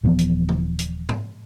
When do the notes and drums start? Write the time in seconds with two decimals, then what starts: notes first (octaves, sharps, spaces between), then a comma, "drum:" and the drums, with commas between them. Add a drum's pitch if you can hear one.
0.04 D#1 E3 F3 B3
0.19 drum: hi-hat
0.49 drum: tom C#3
0.79 drum: hi-hat
1.09 drum: tom G#2